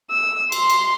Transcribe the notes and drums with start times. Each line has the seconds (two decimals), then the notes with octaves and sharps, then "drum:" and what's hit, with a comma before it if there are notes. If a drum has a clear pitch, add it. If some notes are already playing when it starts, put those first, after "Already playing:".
0.11 E6
0.52 C6, drum: cymbal
0.70 drum: cymbal